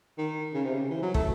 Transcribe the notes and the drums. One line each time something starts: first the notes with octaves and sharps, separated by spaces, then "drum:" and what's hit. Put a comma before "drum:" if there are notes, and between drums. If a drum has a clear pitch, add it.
D#3
C#3
C3
C#3
E3
F#3
A3, drum: kick